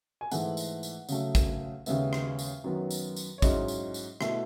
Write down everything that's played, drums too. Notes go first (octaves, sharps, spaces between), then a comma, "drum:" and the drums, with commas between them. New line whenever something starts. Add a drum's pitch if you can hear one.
G#5
G#2 E3 A3 F#5, drum: tambourine
drum: tambourine
drum: tambourine
C#3 F#3 A3, drum: tambourine
drum: kick, tambourine
D#2 C#3 G#3 B3 E5, drum: tambourine
drum: rim click
drum: tambourine
F#2 D#3 F#3 B3
drum: tambourine
drum: tambourine
C#5
G#2 F#3 C#4 E4 D#5, drum: kick, tambourine
drum: tambourine
drum: tambourine
B2 A3 E4, drum: rim click